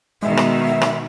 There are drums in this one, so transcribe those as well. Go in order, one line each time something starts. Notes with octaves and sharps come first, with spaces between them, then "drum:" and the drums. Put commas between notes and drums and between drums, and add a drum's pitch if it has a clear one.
B2 D#3 G#3 E5
drum: rim click
drum: rim click